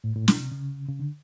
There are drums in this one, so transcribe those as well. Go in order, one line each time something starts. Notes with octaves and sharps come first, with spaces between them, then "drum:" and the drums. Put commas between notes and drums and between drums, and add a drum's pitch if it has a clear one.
A2
A2
B2, drum: snare
C3
C#3
C#3
D3